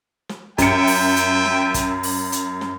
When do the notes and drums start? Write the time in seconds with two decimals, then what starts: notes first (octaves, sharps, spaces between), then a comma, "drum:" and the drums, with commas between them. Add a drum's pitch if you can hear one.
0.29 drum: snare
0.58 F#2 F4 E5 G5 C#7, drum: kick, hi-hat
0.87 drum: open hi-hat
1.16 drum: hi-hat
1.45 drum: snare
1.74 drum: kick, hi-hat
2.03 drum: open hi-hat
2.32 drum: hi-hat
2.61 drum: snare